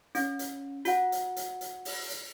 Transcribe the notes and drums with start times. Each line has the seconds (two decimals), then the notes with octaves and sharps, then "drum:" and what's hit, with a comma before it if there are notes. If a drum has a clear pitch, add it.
0.15 C#4, drum: hi-hat
0.39 drum: hi-hat
0.85 F#4 F#5, drum: hi-hat
1.12 drum: hi-hat
1.36 drum: hi-hat
1.61 drum: hi-hat
1.85 drum: open hi-hat
2.09 drum: hi-hat